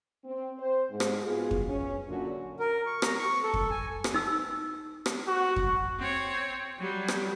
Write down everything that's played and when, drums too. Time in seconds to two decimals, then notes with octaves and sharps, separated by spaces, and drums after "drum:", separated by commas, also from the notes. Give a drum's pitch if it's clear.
0.24 C4
0.57 C5
0.90 G#2
1.00 drum: rim click
1.24 B3 F4 F#4 G#4
1.51 drum: kick F2
1.68 C#4
2.07 F#2 A#2 D3 F#3 C#4 F#4
2.59 A#4
2.86 C#6
3.02 A#5, drum: rim click
3.19 C#6
3.43 A4
3.54 drum: kick F2
3.71 G#5
4.04 drum: rim click
4.14 D#4 E6
5.06 drum: rim click
5.27 F#4
5.56 drum: kick F2
5.99 C4 C#5
6.79 F#3 G3
7.08 drum: rim click